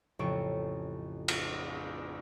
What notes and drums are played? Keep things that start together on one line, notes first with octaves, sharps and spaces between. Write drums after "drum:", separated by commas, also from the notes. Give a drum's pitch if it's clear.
A1 F2 C#3 A4 C#6 D7
drum: cymbal